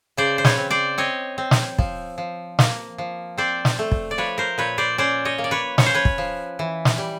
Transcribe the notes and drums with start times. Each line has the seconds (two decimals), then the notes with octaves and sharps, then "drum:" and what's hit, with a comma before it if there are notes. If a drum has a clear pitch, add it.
0.17 C#3 C5 D5
0.38 C5
0.45 B4 C#5, drum: snare
0.58 C4
0.71 C5 D5
0.98 C4 C#5 D#5
1.38 C4
1.51 drum: snare
1.79 F3, drum: kick
2.18 F3
2.59 A#3, drum: snare
2.98 F3
3.38 C4 C5 D5
3.65 drum: snare
3.79 A3
3.92 drum: kick
4.11 D5
4.18 F3 B4 C#5
4.38 A#4 C5
4.58 A#2 B4 C#5
4.78 C5 D5
4.98 C#4 C5 D5
5.25 C#5 D#5
5.38 A#3
5.44 D5
5.51 B4 C#5
5.78 C#4 C#5, drum: snare
5.86 C5
5.95 B4 C#5
6.05 drum: kick
6.18 F3
6.59 E3
6.85 drum: snare
6.98 G3